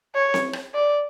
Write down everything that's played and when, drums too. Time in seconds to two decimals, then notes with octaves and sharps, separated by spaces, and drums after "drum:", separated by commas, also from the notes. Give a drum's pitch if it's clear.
0.15 C#5
0.34 drum: snare
0.53 drum: rim click
0.74 D5